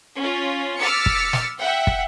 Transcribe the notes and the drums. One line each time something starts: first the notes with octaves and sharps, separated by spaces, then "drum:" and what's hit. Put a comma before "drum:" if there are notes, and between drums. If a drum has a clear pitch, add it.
C#4 F4
D6 E6 F6 A6 B6 C#7
drum: kick
drum: snare
E5 F#5 G5
drum: kick